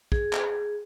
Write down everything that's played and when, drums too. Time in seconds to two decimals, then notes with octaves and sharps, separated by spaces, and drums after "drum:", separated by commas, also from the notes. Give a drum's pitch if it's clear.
0.12 G#4, drum: kick
0.33 drum: clap